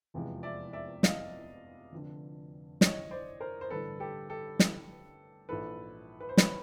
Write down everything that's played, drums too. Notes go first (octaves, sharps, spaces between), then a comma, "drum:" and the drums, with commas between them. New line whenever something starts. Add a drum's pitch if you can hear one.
F1 E2 C3 F3 G#3
D5 E5
D5 E5
D#5 F5, drum: snare
F1 F2 D3
C#5 D#5, drum: snare
C5 D5
A#4 C5
C5
A1 G2 D3 A4 B4
G4 A4
G4 A4
drum: snare
A#1 G#2 E3 A4 B4
B4
C5
B4 C#5, drum: snare